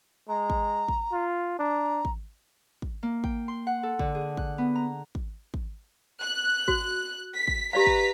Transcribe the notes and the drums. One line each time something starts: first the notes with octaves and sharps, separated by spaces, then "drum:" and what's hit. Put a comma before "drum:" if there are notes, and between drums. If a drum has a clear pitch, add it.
G#3 A#5
drum: kick
drum: kick
F4
D4 A#5
drum: kick
drum: kick
A#3
G5, drum: kick
C6
F#5
A4
D3, drum: kick
G#4
F#6, drum: kick
B3
A#5
drum: kick
drum: kick
F#6
F#4, drum: kick
B6
drum: kick
G4 B4 D5 F5 A#5 B6
drum: kick